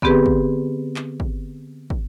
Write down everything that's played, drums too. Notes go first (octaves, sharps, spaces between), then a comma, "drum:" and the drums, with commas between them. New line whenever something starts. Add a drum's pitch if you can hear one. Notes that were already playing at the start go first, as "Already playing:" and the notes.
D3 B3 C4 G4 G#4 B4, drum: kick
drum: kick
drum: clap
drum: kick
drum: kick